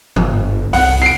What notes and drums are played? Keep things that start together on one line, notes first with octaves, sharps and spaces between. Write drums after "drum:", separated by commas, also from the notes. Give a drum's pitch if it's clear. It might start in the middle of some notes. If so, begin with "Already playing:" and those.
G1, drum: tom G2
C2 F#5, drum: open hi-hat
C7 D7